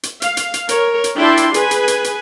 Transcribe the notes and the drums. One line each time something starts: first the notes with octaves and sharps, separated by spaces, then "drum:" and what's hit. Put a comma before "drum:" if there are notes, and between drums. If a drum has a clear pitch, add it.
drum: hi-hat
F5, drum: hi-hat
drum: hi-hat
drum: hi-hat
A#4 C#5, drum: hi-hat
drum: hi-hat
D4 E4 G5 A5 C6
drum: hi-hat
G#4 B4 G#5, drum: hi-hat
drum: hi-hat
drum: hi-hat
drum: hi-hat